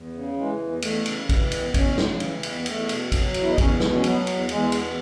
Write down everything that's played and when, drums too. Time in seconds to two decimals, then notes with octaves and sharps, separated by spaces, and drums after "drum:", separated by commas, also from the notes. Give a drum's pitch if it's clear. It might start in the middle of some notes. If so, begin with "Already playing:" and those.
Already playing: E2
0.14 C#3
0.37 E3 G#3
0.59 E2
0.82 E2 A3, drum: cymbal
1.06 C#3, drum: cymbal
1.29 E3, drum: kick, cymbal
1.52 E2, drum: cymbal
1.74 E2 C#4, drum: kick, cymbal
1.98 C#3, drum: snare
2.20 E3, drum: cymbal
2.43 E2, drum: cymbal
2.60 B3
2.66 E2 A3, drum: cymbal
2.89 B2, drum: cymbal
3.12 F#3, drum: kick, cymbal
3.34 E2, drum: cymbal
3.41 E4
3.49 D#4
3.58 E2 C#4, drum: kick, cymbal
3.80 B2, drum: snare
3.95 C#4
4.04 F#3 B3, drum: cymbal
4.27 E2, drum: cymbal
4.49 E2 G#3, drum: cymbal
4.72 B2, drum: cymbal